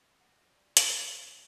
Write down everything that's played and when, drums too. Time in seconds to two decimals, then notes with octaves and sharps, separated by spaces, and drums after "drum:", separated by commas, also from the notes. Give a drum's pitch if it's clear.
0.20 F#4 F#5
0.44 C4 G4 D5
0.77 D2 A5 G6, drum: hi-hat
1.07 G5 A#5